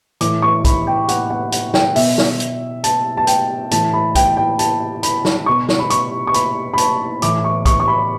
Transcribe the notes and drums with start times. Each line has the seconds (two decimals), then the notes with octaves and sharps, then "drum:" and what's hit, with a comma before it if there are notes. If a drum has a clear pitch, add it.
0.21 A2 E3 D6, drum: hi-hat
0.42 C#6
0.65 B5, drum: kick, hi-hat
0.87 G5
1.09 F#5, drum: hi-hat
1.30 F#5
1.52 F#5, drum: hi-hat
1.74 G5, drum: snare
1.96 B2 E5, drum: open hi-hat
2.18 drum: snare
2.40 drum: hi-hat
2.84 A5, drum: hi-hat
3.17 A5
3.27 G5, drum: hi-hat
3.71 A2 E3 A5, drum: hi-hat
3.93 B5
4.15 G5, drum: kick, hi-hat
4.37 G5
4.59 A5, drum: hi-hat
5.03 B5, drum: hi-hat
5.25 drum: snare
5.46 B2 C#6
5.69 drum: snare
5.79 B5
5.90 C#6, drum: hi-hat
6.27 C#6
6.34 B5, drum: hi-hat
6.74 B5
6.78 A5, drum: hi-hat
7.22 A2 E3 D6, drum: hi-hat
7.44 C#6
7.65 C#6, drum: kick, hi-hat
7.80 C#6
7.88 B5